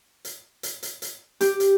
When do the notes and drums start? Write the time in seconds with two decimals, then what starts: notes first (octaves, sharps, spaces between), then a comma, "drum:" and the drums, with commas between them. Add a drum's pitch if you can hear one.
0.25 drum: hi-hat
0.63 drum: hi-hat
0.83 drum: hi-hat
1.02 drum: hi-hat
1.41 G4, drum: hi-hat
1.60 drum: hi-hat